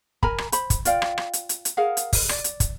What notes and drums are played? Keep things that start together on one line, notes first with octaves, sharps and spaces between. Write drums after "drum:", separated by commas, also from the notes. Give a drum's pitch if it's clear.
A#4 G#5 A#5 B5, drum: kick
drum: rim click
C5 B5, drum: hi-hat
drum: kick, hi-hat
F4 D5 F5 G5, drum: hi-hat
drum: rim click
drum: rim click
drum: hi-hat
drum: hi-hat
drum: hi-hat
G#4 A#4 F5 F#5
drum: hi-hat
drum: kick, open hi-hat
D5, drum: rim click
drum: hi-hat
drum: kick, hi-hat